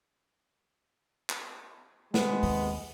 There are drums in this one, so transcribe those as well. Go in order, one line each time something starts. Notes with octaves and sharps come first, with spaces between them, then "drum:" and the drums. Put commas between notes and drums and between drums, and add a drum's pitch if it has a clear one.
drum: clap
C3 D#3 G#3 B3, drum: snare
D#2, drum: open hi-hat